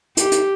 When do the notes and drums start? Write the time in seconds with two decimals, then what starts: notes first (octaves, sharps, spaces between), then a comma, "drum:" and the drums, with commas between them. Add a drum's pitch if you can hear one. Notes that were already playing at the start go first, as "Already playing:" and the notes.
0.17 G4, drum: hi-hat
0.32 drum: hi-hat